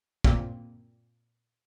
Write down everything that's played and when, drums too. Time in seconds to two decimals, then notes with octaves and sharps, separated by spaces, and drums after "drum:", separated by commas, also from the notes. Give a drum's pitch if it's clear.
0.24 A#2 A#3 C4, drum: kick